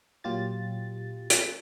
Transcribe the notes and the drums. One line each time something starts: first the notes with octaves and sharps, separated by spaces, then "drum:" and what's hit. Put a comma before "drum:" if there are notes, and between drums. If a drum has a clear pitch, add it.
A#2 F#3 F4 G4 A6
drum: hi-hat